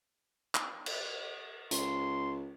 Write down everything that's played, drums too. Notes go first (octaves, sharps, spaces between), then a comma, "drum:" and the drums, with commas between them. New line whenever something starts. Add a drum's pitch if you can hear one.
drum: clap
drum: cymbal
C#2 C6, drum: hi-hat